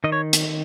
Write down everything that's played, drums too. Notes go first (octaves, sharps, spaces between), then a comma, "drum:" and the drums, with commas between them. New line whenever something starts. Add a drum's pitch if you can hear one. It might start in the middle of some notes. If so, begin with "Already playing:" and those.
D#3 D#5
C#5
drum: hi-hat